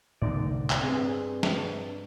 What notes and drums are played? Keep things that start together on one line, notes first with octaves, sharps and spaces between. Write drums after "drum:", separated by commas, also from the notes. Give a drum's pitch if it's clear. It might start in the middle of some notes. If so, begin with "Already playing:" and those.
C2 A2 D3 B3 D#4 D5
drum: clap
G2 C4 G#4
drum: snare